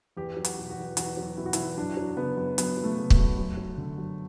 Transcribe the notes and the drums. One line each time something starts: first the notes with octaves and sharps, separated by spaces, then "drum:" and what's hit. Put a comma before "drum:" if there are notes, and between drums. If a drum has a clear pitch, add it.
E2 G4
F#3
F#4, drum: hi-hat
B2
F#4
E2
E2 F#4, drum: hi-hat
F#3
B2 E4
F#4
E4, drum: hi-hat
E2
F#2 D4
F#3
C#3 B3
F#2
F#2 B3, drum: hi-hat
F#3
A3
C#3
A3, drum: kick
F#2
F#2
F#3
D3
F#2